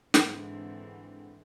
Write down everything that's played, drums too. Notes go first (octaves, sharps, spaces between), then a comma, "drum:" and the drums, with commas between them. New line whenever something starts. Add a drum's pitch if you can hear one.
G#2 D3 E3 C4, drum: snare